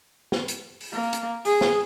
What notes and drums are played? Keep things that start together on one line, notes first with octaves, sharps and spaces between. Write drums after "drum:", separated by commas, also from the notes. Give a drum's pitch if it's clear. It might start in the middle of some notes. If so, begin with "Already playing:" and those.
drum: snare
drum: hi-hat
drum: open hi-hat
A#3
drum: hi-hat
G#4, drum: open hi-hat
drum: snare